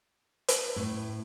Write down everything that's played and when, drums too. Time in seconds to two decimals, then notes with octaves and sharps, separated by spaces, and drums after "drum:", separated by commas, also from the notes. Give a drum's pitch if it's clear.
0.48 drum: hi-hat
0.76 A2